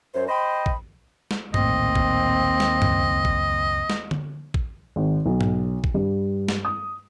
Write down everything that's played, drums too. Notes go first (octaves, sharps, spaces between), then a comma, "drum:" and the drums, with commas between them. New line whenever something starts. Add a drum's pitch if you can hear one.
F#2 C5
C5 D#5 G5 B5
drum: kick
drum: snare
A#1 D#2 A2 C4 D#5, drum: tom G2
drum: kick
drum: snare
C#2 F#2, drum: tom G2
drum: kick
drum: snare
drum: tom D3
drum: kick
G#1
B1
drum: tom G#2
drum: kick
G2
drum: snare
D#6